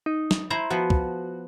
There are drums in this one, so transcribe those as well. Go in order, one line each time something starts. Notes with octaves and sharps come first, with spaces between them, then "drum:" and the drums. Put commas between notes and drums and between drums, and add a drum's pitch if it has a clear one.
D#4
drum: snare
E4 C5 A#5
F3 B3 F#4
drum: kick